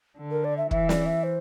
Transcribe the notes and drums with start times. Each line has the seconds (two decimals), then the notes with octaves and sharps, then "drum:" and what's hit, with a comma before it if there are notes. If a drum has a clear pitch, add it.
0.18 D3
0.31 A#4
0.44 D5
0.57 E5
0.71 E3 E5, drum: kick
0.89 D5, drum: snare
1.06 E5
1.23 C5